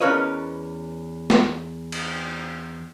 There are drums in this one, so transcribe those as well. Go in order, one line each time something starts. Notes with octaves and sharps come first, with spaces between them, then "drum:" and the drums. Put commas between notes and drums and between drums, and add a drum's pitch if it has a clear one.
E2 C#4 A#4 B4 C#5 D#5
drum: snare
drum: cymbal